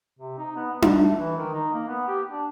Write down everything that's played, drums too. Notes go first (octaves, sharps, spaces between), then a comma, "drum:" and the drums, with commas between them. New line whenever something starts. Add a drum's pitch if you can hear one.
C3
D#4
B3
B3
drum: tom D4
A3
E3
D#3
D#4
A#3
B3
G4
D4